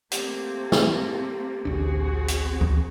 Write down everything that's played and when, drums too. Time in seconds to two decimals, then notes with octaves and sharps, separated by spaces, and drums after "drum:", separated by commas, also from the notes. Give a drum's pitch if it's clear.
0.12 A3 A#3 C4 G4, drum: hi-hat
0.72 drum: snare
1.65 A1 D2 A2 D3 C4 D4 F#4 G#4
2.28 drum: hi-hat
2.61 drum: kick